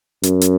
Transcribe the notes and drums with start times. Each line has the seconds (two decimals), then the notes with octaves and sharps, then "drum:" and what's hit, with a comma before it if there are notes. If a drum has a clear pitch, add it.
0.23 F#2, drum: hi-hat
0.41 drum: hi-hat